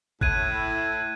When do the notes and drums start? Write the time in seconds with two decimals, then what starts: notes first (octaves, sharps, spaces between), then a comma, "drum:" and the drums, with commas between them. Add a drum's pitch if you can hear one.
0.21 A2 E4 F#6 G#6 D#7, drum: kick G#1